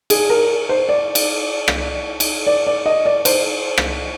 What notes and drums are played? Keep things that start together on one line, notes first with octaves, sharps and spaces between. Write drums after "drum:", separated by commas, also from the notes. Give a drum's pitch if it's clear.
G#4, drum: cymbal
A#4
C5
D5
drum: cymbal
drum: rim click
drum: cymbal
D5
D5
D#5
D5
C5, drum: cymbal
drum: rim click